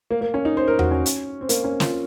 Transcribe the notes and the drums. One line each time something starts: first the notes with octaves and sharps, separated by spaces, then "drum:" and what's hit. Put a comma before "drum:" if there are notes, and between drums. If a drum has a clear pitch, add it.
A#3
A#3
C#4
D#4
C5
A#4
F#4, drum: tom E2
C#4
drum: hi-hat
C4
A#3, drum: hi-hat
C#4
F4, drum: snare